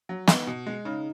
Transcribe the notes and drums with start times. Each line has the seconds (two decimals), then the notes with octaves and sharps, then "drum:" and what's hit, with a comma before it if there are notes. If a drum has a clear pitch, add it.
0.09 F#3
0.27 B3 D#4, drum: snare
0.47 B2
0.67 G#3
0.85 C#3 D#4